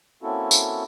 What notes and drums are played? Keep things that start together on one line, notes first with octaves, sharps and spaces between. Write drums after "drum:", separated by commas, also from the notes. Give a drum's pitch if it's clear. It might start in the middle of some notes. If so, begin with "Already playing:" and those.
A#3 C4 C#4 E4 F#4 A4
drum: tambourine